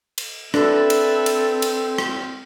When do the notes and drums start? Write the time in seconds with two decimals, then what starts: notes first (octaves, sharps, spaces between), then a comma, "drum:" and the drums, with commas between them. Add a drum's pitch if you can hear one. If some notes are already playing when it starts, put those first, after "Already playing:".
0.18 drum: cymbal
0.54 C4 D4 A4 B4 E5, drum: rim click
0.90 drum: cymbal
1.26 drum: cymbal
1.62 drum: cymbal
1.98 drum: rim click